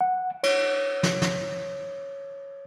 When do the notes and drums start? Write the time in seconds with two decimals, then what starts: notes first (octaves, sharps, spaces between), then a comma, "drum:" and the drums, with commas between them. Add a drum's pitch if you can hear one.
0.01 F#5
0.43 C#5, drum: cymbal
1.03 drum: snare
1.22 drum: snare